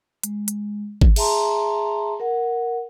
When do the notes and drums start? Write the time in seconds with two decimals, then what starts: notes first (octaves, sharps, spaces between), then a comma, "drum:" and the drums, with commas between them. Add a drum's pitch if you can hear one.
0.23 G#3, drum: hi-hat
0.48 drum: hi-hat
1.01 drum: kick G#1
1.16 G#4 E5 A5 A#5 C6, drum: cymbal
2.20 A#4 F#5